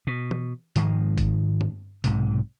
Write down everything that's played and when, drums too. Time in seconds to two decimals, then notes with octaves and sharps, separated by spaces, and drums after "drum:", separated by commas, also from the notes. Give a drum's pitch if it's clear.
0.07 B2
0.31 drum: tom
0.76 G#2 D#3 F3 G#3, drum: hi-hat
1.18 drum: kick, hi-hat
1.61 drum: tom G2
2.04 B1 G#2 C3, drum: hi-hat